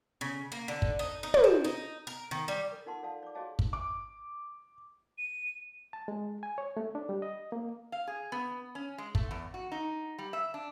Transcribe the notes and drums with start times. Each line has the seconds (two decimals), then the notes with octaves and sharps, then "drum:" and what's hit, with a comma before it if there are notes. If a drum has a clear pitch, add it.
0.21 C#3
0.52 A#3
0.68 D3
0.82 drum: kick
0.99 D#4
1.23 D#4
1.34 drum: tom
1.44 F3
1.64 D#4
2.07 A#4
2.31 D#3
2.48 G3
2.72 A4 A#4
2.86 D#4 F4 A#4 F#5 A5 C6
3.03 A4 D5 F5 A5
3.23 D5 D6
3.35 F#4 G#4 C#5 D#5 F5 A5
3.59 drum: kick
3.73 D6
5.18 D#7
5.93 A5
6.08 G#3
6.43 G#5
6.58 C#5
6.77 A3
6.95 D4
7.09 G3
7.22 D#5
7.52 A#3
7.92 F5
8.07 G#4
8.32 B3
8.75 C#4
8.98 G#3
9.15 A3, drum: kick
9.31 E2
9.54 F#4
9.72 D#4
10.18 G3
10.33 E5
10.54 D4